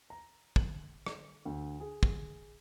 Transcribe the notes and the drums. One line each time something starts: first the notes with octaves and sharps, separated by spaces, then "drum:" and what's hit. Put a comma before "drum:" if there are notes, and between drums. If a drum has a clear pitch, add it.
A#5
F#7, drum: kick
drum: rim click
D2
G#4
drum: kick